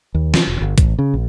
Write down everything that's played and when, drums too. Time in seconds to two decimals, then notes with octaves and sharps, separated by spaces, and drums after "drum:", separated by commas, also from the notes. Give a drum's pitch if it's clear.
0.14 D#2
0.34 F3, drum: snare
0.47 E1
0.61 G1
0.78 A1, drum: kick, hi-hat
0.99 C#3
1.14 A#1